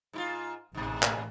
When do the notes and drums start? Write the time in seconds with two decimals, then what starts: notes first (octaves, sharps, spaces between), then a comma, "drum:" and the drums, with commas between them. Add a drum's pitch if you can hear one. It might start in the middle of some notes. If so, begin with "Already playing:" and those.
0.13 G#2 E4 F4
0.75 A1 G#2 B2
1.03 drum: clap